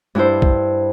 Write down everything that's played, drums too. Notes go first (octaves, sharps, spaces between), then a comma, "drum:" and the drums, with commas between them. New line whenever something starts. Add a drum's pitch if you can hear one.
G2 G3 E4 C5
drum: kick B1